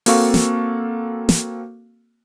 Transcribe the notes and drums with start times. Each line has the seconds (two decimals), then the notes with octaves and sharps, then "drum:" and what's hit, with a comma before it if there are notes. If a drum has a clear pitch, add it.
0.06 A#3 C4 F#4 A4 F5 C#6, drum: open hi-hat
0.34 drum: snare
1.29 drum: snare